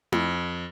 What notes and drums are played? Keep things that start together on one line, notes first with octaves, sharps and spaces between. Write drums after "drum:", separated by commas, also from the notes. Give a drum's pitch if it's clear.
F2, drum: tom E4